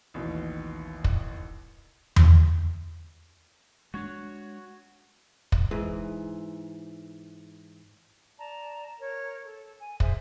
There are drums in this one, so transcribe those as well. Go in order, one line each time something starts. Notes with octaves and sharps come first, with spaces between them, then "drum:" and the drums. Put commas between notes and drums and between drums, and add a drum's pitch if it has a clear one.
A1 D#2 B2
drum: kick
drum: tom E2
G#3 D4 F#4 C#5
drum: kick
G#2 E3
D5 A5 A#5
A#4 C#5
A4
G#5
G#4 C5 E5, drum: kick